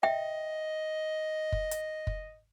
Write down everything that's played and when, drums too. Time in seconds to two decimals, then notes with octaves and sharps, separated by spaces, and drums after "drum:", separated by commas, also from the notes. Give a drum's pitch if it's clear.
0.03 D#5 E5 G5
1.52 drum: kick
1.71 drum: hi-hat
2.07 drum: kick